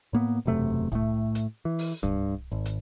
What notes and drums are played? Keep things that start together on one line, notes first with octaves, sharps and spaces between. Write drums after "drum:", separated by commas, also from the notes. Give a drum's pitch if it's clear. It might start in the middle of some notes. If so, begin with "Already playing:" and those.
A2 A#3 B3
E1 F#2 C3 A3
A2 A3, drum: kick C2
drum: hi-hat
E3
drum: open hi-hat
G2, drum: kick C2
G#1
drum: hi-hat